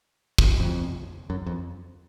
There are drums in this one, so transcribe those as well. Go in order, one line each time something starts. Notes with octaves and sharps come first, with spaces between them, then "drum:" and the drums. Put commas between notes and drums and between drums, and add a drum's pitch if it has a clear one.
drum: kick
F2
F#2
F2